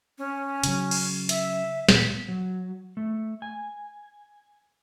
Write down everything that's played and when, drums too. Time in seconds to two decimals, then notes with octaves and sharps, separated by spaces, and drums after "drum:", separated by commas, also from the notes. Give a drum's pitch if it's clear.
0.18 C#4
0.64 C#3 F#3, drum: hi-hat
0.91 drum: cymbal
1.29 E5, drum: hi-hat
1.89 D#1 A#2 B3 B6, drum: snare
2.29 F#3
2.97 A3
3.42 G#5